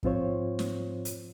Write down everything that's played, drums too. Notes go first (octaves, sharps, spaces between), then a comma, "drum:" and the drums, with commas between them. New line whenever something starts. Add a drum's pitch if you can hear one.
G#2 F3 C4 F4 C5 C#5, drum: kick
drum: snare
drum: hi-hat